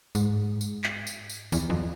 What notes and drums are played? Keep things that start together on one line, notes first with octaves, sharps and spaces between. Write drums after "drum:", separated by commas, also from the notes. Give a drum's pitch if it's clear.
G#2, drum: tambourine
drum: tambourine
drum: clap
drum: tambourine
drum: tambourine
E2, drum: tambourine
F2